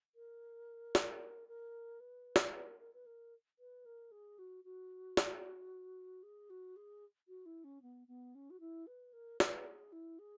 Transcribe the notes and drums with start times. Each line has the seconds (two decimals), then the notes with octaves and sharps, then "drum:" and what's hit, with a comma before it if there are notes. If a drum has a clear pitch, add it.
0.15 A#4
0.95 drum: snare
1.48 A#4
2.00 B4
2.36 drum: snare
2.54 B4
2.66 A#4
2.80 A#4
2.94 B4
3.06 A#4
3.59 B4
3.85 A#4
4.11 G#4
4.39 F#4
4.64 F#4
5.17 drum: snare
6.23 G#4
6.50 F#4
6.76 G#4
7.28 F#4
7.46 E4
7.64 C#4
7.82 B3
8.08 B3
8.35 C#4
8.50 F#4
8.60 E4
8.87 B4
9.13 A#4
9.40 B4, drum: snare
9.66 G#4
9.92 E4
10.19 G#4